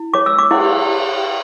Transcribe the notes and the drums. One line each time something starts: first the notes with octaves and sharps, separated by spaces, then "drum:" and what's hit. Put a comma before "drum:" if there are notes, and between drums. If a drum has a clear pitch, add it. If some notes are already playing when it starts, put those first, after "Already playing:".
Already playing: E4
C#5 D6
E6
D6
E4, drum: cymbal